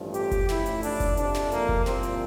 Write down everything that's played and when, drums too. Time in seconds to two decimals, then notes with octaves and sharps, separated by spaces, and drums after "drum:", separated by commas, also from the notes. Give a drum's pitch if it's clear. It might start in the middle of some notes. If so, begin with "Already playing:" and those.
Already playing: A1 G2 F3
0.14 G4, drum: hi-hat
0.31 drum: kick F#1, hi-hat
0.49 A1 A2 F3 E4, drum: snare
0.66 drum: hi-hat
0.83 D4, drum: open hi-hat
1.00 drum: kick F#1, hi-hat
1.17 F2 C3 F3 D4, drum: hi-hat
1.34 drum: snare
1.52 A#3, drum: hi-hat
1.69 drum: kick F#1
1.86 C2 A#2 F3 C4, drum: snare
2.03 drum: hi-hat